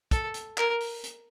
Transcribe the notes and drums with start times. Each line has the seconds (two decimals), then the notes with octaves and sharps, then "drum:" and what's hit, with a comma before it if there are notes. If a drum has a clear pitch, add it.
0.11 A4, drum: kick, hi-hat
0.34 drum: hi-hat
0.58 A#4, drum: clap
0.80 drum: open hi-hat
1.04 drum: hi-hat